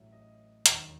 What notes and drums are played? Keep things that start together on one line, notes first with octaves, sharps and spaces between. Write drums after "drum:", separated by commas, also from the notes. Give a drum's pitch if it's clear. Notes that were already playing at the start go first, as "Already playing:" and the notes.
Already playing: A1 A2 F#3 E5
D#5
E1 D#2 D#3 F#3 D#5, drum: hi-hat